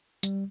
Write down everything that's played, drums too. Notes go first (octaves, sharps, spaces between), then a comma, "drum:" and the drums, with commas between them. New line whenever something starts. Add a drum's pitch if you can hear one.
G3, drum: hi-hat